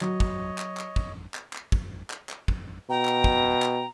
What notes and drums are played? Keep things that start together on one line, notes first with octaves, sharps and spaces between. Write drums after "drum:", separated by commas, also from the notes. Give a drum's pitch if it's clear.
F#3 C#5 D#5, drum: clap
drum: kick
drum: clap
drum: clap
drum: kick
drum: clap
drum: clap
drum: kick
drum: clap
drum: clap
drum: kick
B2 G5 A#5
drum: clap
drum: kick
drum: clap